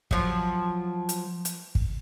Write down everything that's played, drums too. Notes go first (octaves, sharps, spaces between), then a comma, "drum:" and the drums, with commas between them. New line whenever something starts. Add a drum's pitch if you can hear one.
F3 F#3, drum: kick
drum: hi-hat
drum: hi-hat
drum: kick